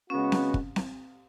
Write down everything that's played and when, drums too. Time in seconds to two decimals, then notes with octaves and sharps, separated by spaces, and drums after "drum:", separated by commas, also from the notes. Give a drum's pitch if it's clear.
0.10 C#3 G#3 B3 C#4 F#4
0.32 drum: snare C4
0.54 drum: kick
0.76 drum: snare C4